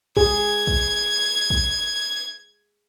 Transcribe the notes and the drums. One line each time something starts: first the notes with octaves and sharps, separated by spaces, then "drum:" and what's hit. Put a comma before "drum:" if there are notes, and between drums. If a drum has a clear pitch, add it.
G#4 G#6, drum: kick
drum: kick
drum: kick